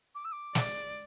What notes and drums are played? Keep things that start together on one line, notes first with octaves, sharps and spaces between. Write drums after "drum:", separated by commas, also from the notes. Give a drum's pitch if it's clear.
D6
E6
D6
D5, drum: snare